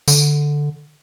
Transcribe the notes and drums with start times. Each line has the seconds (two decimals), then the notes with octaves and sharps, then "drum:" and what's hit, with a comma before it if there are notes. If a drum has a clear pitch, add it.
0.08 D3, drum: tambourine